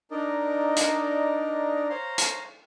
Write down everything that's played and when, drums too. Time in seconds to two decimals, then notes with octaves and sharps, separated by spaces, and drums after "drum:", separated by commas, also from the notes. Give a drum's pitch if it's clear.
0.11 D4 D#4 A#4 D5 D#5
0.76 drum: hi-hat
1.90 C5 C#5 F5 A#5 C6
2.18 drum: hi-hat